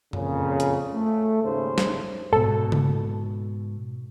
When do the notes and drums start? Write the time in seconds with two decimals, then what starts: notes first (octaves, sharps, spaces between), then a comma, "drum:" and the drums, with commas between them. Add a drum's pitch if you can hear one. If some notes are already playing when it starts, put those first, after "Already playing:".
0.13 F2 A#2 C#3, drum: tom F#2
0.60 drum: hi-hat
0.93 A3
1.43 D#2 G#2 C#3 C5
1.78 drum: snare
2.33 G#2 B2 A4
2.72 drum: tom C#3